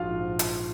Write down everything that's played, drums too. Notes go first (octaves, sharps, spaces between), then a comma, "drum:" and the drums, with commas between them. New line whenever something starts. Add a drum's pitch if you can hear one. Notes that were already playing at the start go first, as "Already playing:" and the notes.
Already playing: A#1 G#2 F3 F4 F#4 F5
drum: hi-hat